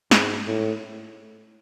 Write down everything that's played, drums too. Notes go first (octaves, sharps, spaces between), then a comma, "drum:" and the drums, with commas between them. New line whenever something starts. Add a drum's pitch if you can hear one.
G#2, drum: snare
A2